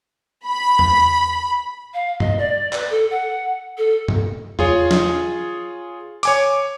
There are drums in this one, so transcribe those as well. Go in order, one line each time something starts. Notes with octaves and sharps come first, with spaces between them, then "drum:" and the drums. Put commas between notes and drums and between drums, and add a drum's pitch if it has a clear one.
B5
drum: tom E2
F5
D#5, drum: tom G2
D5
B4, drum: clap
A4
F#5
A4
drum: tom G2
F4 G#4 C#5, drum: tom E2
drum: snare
C#5 G#5 D6, drum: open hi-hat